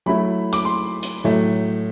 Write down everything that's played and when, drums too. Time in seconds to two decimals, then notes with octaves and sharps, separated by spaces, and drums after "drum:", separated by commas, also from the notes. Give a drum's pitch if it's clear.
0.06 F#3 A3 E4 B5
0.53 D6, drum: hi-hat
0.65 C6
1.03 drum: hi-hat
1.24 A2 F#3 A3